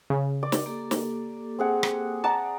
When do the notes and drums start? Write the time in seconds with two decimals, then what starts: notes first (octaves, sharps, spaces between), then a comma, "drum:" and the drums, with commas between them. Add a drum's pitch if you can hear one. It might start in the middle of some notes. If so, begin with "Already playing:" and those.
0.10 C#3
0.43 D5 D6
0.52 drum: snare
0.66 A#3 G4 A4
0.91 drum: snare
1.59 C4 G#4 F#5
1.83 drum: rim click
2.24 D5 F#5 A5 A#5